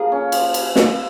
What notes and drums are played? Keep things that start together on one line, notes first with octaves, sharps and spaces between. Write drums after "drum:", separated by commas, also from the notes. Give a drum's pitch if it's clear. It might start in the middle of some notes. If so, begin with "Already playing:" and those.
Already playing: F3 A#3 G#4
C#4
F3, drum: cymbal
drum: cymbal
drum: snare